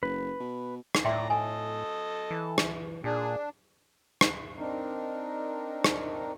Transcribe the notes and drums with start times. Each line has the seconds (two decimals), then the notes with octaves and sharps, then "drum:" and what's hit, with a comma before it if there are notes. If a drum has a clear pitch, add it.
0.03 F#1 B4
0.40 B2
0.95 drum: rim click
1.05 A2 D5 E5 G5 A#5 C6
1.30 A4 D#5 G#5
2.31 E3
2.58 drum: rim click
3.04 A#2 D4 G#4
4.21 drum: rim click
4.57 C4 D4 D#4 A#4
5.84 drum: rim click